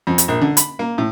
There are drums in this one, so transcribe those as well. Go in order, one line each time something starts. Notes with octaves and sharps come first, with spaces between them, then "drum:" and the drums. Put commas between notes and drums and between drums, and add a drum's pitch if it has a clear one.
F2
drum: hi-hat
A#1
D3
B5, drum: hi-hat
A#3
A2